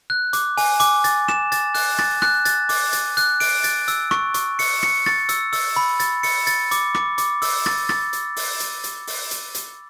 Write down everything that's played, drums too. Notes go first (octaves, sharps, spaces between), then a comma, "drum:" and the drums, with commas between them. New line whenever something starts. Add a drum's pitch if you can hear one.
F#6
D6, drum: hi-hat
G#5, drum: open hi-hat
D6, drum: hi-hat
A6, drum: hi-hat
E7, drum: rim click
A6, drum: hi-hat
F#6, drum: open hi-hat
A6, drum: rim click
F#6, drum: rim click
A6, drum: hi-hat
D6, drum: open hi-hat
A6, drum: hi-hat
F#6, drum: hi-hat
D7, drum: open hi-hat
A6, drum: hi-hat
E6, drum: hi-hat
C#6, drum: rim click
C#6, drum: hi-hat
C#7, drum: open hi-hat
C#7, drum: rim click
A6, drum: rim click
E6, drum: hi-hat
E6, drum: open hi-hat
B5
A6, drum: hi-hat
C#7, drum: open hi-hat
A6, drum: hi-hat
D6, drum: hi-hat
D6, drum: rim click
D6, drum: hi-hat
E6, drum: open hi-hat
A6, drum: rim click
A6, drum: rim click
drum: hi-hat
drum: open hi-hat
drum: hi-hat
drum: hi-hat
drum: open hi-hat
drum: hi-hat
drum: hi-hat